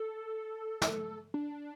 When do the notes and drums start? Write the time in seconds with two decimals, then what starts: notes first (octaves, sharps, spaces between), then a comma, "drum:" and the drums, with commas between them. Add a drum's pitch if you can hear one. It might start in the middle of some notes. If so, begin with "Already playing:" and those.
Already playing: A4
0.82 drum: snare
1.34 D4